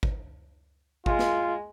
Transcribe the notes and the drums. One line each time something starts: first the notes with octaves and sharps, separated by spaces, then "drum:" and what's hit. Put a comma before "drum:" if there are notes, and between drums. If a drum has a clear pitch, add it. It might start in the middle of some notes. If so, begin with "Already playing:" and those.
drum: kick G#1
G#3 F4, drum: kick G#1
drum: snare